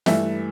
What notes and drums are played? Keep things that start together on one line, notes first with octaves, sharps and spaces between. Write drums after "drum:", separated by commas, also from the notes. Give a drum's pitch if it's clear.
G2 E3 A3 E5, drum: snare